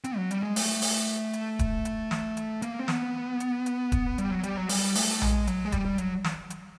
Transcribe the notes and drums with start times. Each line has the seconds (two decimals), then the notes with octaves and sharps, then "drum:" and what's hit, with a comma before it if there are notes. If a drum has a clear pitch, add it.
0.04 C4, drum: hi-hat
0.17 F#3
0.31 G3, drum: hi-hat
0.43 G#3
0.56 A3, drum: open hi-hat
0.82 drum: open hi-hat
1.33 drum: hi-hat
1.59 drum: kick D#1, hi-hat
1.85 drum: hi-hat
2.11 drum: snare
2.37 drum: hi-hat
2.62 A#3, drum: hi-hat
2.79 C4
2.88 B3, drum: snare
3.40 drum: hi-hat
3.66 drum: hi-hat
3.92 drum: kick D#1, hi-hat
4.18 G3, drum: hi-hat
4.31 F#3
4.43 G3, drum: hi-hat
4.57 F#3
4.69 G3, drum: open hi-hat
4.95 A3, drum: open hi-hat
5.21 G#3, drum: tom A#1
5.47 F#3, drum: hi-hat
5.65 G#3
5.72 G3, drum: kick D#1, hi-hat
5.85 G3
5.98 F#3, drum: hi-hat
6.24 drum: snare
6.50 drum: hi-hat